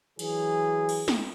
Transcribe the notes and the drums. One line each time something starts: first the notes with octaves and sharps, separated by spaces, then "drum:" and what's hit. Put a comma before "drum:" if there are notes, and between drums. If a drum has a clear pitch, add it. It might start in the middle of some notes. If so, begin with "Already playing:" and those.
E3 F#3 G#4, drum: cymbal
drum: cymbal
drum: snare